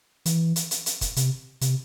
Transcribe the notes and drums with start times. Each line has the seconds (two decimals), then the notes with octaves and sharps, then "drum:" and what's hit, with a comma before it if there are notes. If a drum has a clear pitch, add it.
0.26 E3, drum: hi-hat
0.56 drum: hi-hat
0.71 drum: hi-hat
0.86 drum: hi-hat
1.01 drum: kick, hi-hat
1.16 C3, drum: hi-hat
1.61 C3, drum: hi-hat